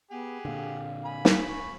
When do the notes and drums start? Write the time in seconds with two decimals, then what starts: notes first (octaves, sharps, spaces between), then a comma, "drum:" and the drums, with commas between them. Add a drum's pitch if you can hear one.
0.11 B3 G4 G#4 F#5
0.45 A#2 D3 F5
1.05 G#5 B5
1.25 drum: snare
1.48 C#6